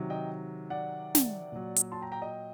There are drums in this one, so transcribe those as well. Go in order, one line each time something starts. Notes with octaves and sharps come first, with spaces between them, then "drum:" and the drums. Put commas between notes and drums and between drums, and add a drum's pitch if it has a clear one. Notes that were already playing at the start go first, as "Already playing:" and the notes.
Already playing: C3 D#3 F#3
D#5 G5
D5 F#5
drum: snare
A#2 F#3
drum: hi-hat
A5 C6
G5 A#5
G5 A#5
D#5 G5